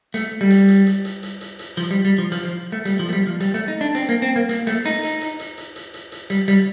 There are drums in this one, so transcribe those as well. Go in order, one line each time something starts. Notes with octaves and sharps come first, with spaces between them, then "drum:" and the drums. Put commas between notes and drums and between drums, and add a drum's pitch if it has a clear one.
A3, drum: hi-hat
G3
drum: hi-hat
drum: hi-hat
drum: hi-hat
drum: hi-hat
drum: hi-hat
drum: hi-hat
drum: hi-hat
F3, drum: hi-hat
G3
G3
F3
F3, drum: hi-hat
F3
A3
G3, drum: hi-hat
F3
A3
G3
F3
G3, drum: hi-hat
A3
D#4
D4
C4, drum: hi-hat
A#3
C4
A#3
A#3, drum: hi-hat
A3, drum: hi-hat
D#4, drum: hi-hat
drum: hi-hat
drum: hi-hat
drum: hi-hat
drum: hi-hat
drum: hi-hat
drum: hi-hat
drum: hi-hat
G3, drum: hi-hat
G3, drum: hi-hat